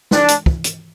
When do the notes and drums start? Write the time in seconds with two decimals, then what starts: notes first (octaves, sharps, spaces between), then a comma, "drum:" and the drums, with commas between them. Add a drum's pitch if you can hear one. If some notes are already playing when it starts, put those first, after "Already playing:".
0.11 D4, drum: snare
0.28 drum: hi-hat
0.46 drum: kick
0.64 drum: hi-hat